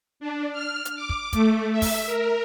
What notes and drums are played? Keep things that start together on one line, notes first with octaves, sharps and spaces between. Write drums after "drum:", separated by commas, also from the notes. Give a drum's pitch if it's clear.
D4
F6
drum: hi-hat
D6
drum: kick
A3, drum: kick, hi-hat
E5
drum: kick, open hi-hat
A#4